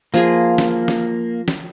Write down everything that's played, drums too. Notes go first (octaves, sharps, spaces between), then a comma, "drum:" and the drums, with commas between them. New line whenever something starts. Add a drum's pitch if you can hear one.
F3 A#3 F4 G#4
drum: snare
drum: snare
drum: snare